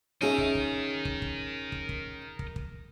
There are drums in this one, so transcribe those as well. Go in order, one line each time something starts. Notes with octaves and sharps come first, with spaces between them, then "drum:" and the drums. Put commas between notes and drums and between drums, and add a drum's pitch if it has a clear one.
C#4 D#4 G#4 A#4 D#5 E5
drum: kick
drum: kick
drum: kick
drum: kick
drum: kick
drum: kick
drum: kick
drum: kick